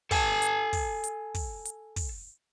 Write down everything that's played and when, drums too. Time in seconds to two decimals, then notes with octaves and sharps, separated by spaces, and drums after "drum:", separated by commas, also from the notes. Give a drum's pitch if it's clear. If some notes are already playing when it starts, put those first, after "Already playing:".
0.11 A4 G#5 A5, drum: kick, open hi-hat
0.42 drum: hi-hat
0.73 drum: kick, open hi-hat
1.04 drum: hi-hat
1.34 drum: kick, open hi-hat
1.65 drum: hi-hat
1.96 drum: kick, open hi-hat